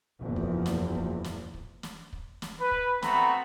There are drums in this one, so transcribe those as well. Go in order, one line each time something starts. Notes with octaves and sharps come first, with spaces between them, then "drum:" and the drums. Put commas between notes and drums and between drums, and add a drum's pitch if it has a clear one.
F#1 E2 A#2 F3
drum: kick
drum: snare
drum: kick
drum: snare
drum: kick
drum: snare
drum: kick
drum: snare
B4
drum: kick
A3 B3 C4 F#4 A#5 B5, drum: snare